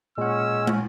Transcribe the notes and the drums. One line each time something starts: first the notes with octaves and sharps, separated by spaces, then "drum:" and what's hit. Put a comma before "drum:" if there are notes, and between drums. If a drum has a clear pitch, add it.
A#2 G#3 C#4 F#5 E6
drum: tom